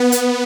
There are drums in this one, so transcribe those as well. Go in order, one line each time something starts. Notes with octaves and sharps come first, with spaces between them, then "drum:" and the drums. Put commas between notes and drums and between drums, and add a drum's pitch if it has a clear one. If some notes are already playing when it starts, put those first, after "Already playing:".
Already playing: B3
drum: hi-hat